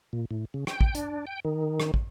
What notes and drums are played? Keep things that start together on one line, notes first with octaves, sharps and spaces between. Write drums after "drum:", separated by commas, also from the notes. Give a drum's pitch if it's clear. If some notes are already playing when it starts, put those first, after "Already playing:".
A#2
A2
C#3
G5, drum: rim click
drum: kick
D4, drum: hi-hat
G5
D#3
drum: rim click
drum: kick